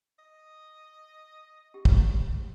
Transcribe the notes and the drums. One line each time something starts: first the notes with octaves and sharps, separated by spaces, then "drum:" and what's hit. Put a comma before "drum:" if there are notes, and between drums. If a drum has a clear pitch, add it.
D#5
G4
drum: kick